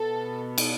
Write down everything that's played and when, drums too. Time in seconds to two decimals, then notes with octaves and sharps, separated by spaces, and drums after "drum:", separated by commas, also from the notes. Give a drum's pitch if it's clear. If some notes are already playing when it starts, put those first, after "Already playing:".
Already playing: B2 B3 A4
0.58 drum: cymbal